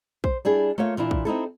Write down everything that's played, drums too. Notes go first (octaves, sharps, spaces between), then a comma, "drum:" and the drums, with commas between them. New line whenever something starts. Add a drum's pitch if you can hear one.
C5, drum: kick A#1
G3 D4 E4 G#4
A3 A#3 F4 C#5 F5
A#2 E3 D4 E4 F4
drum: kick A#1
C4 D#4 E4 A4